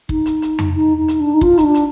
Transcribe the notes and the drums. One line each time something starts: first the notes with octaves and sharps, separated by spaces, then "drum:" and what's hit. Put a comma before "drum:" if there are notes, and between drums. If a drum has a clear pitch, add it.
D#4, drum: kick
drum: hi-hat
drum: hi-hat
drum: tom F2
D#4
D#4
drum: hi-hat
D4
D#4
F4, drum: kick
D#4, drum: hi-hat
D4
drum: hi-hat